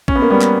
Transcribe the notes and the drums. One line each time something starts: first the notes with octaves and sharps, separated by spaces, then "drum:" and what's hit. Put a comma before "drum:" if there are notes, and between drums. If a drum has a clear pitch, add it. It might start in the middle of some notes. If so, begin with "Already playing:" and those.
C#4, drum: kick A1
B3
A#3
G3 B3
drum: clap